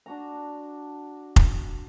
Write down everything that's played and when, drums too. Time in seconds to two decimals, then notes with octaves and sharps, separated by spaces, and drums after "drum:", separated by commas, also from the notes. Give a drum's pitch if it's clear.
0.06 D4 F#4 A#5
1.36 drum: kick F1